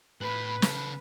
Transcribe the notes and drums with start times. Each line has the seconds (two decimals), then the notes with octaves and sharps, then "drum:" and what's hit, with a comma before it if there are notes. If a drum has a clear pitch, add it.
0.21 A2 B4 B5 F#6
0.62 C#3 A4, drum: snare